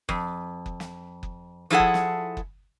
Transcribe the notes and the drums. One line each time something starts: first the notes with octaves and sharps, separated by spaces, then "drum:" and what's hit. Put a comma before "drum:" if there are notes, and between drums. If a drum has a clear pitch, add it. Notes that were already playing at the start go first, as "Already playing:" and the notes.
F2, drum: kick F#1
drum: kick F#1
drum: snare
drum: kick F#1
F3 E4 G#4 A4 F#5
drum: kick F#1
drum: snare
drum: kick F#1